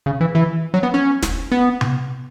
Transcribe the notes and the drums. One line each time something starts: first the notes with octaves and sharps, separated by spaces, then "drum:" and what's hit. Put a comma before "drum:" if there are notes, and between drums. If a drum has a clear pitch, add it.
C#3
E3
E3
F#3
B3
C#4
drum: snare
B3
drum: tom C3